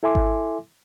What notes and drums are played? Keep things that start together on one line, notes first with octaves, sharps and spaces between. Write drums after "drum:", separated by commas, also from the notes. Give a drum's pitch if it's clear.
E4 A4 E5 G#5 C6 D6
drum: kick G#1